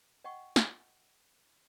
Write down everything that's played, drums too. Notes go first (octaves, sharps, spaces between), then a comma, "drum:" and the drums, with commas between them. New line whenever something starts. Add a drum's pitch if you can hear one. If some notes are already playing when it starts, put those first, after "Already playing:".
D#5 F#5 G5 C#6
drum: snare